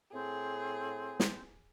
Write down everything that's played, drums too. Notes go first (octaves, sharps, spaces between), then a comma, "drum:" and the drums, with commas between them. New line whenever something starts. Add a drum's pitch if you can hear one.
A2 C4 G#4
drum: snare